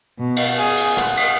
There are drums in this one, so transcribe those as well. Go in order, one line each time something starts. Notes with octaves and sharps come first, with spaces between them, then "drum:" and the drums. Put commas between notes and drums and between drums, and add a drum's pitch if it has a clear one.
B2
drum: cymbal
G#4
drum: cymbal
F#5, drum: rim click
drum: cymbal